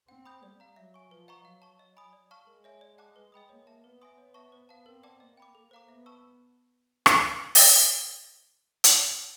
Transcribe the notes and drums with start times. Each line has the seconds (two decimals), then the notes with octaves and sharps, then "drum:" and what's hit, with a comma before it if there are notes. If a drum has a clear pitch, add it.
0.08 C4 F#5
0.26 B5 D#6 G6
0.42 G3 D5
0.60 F5 A#5
0.76 F#3 E5
0.94 G#5 C#6
1.11 F3 B4
1.28 D#5 F#5 A#5 C#6
1.45 F#3 F5
1.62 A5 C#6
1.79 D#5
1.97 G#5 B5 D#6
2.13 D5
2.31 F5 A5 C#6 F6
2.47 G#3 A#4
2.64 C#5 E5 G#5
2.81 D5
2.98 F#5 A5 D6 F#6
3.16 B4
3.32 D#5 G5 B5 D#6
3.49 A#3 C#5
3.67 E5 A5
3.84 B3 B4
4.01 E5 G#5 C6 D#6
4.18 C#5
4.34 E5 A5 C#6
4.52 C5
4.69 F5 A5
4.86 C4 A#4
5.03 D5 F#5 A5 D6
5.20 A#3 D#5
5.37 G5 B5 D6
5.54 A#3 A4
5.71 C5 F5 A#5 D6
5.88 B3 E5
6.06 A5 C#6 E6
7.06 drum: rim click
7.55 drum: open hi-hat
8.84 drum: hi-hat